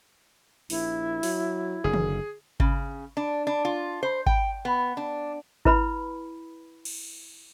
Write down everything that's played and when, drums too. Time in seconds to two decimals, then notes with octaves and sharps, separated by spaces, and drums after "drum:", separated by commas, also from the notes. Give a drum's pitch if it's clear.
0.70 A#1 E4, drum: open hi-hat
1.23 F#3, drum: open hi-hat
1.84 F#1 D3 G#4
1.93 drum: tom
2.60 C#3, drum: kick G#1
3.17 D4
3.47 D4
3.65 F4
4.03 C5
4.26 G5, drum: kick G#1
4.65 B3
4.97 D4
5.65 E4 B4 B5, drum: kick G#1
6.85 drum: cymbal